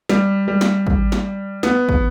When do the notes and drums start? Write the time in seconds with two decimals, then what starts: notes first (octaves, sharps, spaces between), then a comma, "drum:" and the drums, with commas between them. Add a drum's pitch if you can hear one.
0.09 G3, drum: snare
0.48 G3
0.61 drum: snare
0.87 drum: kick
1.12 drum: snare
1.63 B3, drum: snare
1.89 drum: kick